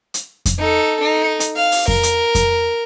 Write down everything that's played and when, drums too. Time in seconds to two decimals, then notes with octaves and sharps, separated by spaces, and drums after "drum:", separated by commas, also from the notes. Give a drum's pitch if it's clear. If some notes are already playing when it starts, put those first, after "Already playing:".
0.14 drum: hi-hat
0.46 drum: kick F2, hi-hat
0.58 D#4 A4
1.00 D#4
1.40 drum: hi-hat
1.56 F5
1.72 drum: open hi-hat
1.88 A#4, drum: kick F2
2.03 drum: hi-hat
2.35 drum: kick F2, hi-hat